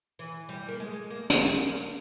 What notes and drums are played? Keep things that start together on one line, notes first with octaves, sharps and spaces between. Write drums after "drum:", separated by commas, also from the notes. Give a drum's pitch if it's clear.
E3
G3
A#3
G#3
A#3
drum: hi-hat